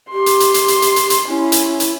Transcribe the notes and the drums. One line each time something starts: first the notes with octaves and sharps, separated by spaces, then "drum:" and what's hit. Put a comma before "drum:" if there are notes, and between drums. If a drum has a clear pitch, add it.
G4 C6
drum: hi-hat
drum: hi-hat
drum: hi-hat
drum: hi-hat
drum: hi-hat
drum: hi-hat
drum: hi-hat
C#4 E4
drum: hi-hat
drum: hi-hat